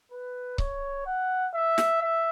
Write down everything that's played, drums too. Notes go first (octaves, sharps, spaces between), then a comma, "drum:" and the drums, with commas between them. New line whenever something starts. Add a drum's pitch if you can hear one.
B4
C#5, drum: kick C#1
F#5
E5
drum: snare
E5